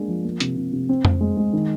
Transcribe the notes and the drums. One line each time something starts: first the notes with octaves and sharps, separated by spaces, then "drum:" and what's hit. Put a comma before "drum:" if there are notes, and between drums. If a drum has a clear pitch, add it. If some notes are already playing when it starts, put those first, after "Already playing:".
Already playing: G#3 A#3 D4 G#4
F3
A#3
C3, drum: hi-hat
C3
C3
C4
C4, drum: tom F2
G#3
G#3
D#3